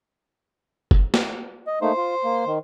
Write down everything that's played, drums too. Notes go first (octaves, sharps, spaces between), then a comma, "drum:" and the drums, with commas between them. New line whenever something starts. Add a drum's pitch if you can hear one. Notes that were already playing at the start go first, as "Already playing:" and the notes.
drum: kick F#1
drum: snare
D#5
A3 A#3 D#4 C5
F4
A#3
D#3